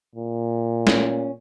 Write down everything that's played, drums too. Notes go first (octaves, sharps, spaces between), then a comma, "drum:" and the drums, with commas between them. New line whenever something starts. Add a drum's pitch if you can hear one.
A#2
C#4, drum: snare